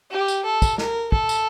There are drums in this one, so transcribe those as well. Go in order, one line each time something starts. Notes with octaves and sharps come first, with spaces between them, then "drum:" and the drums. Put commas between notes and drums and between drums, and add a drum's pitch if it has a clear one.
G4
drum: tambourine
A4
drum: kick, tambourine
A#4, drum: snare
A4, drum: kick
drum: tambourine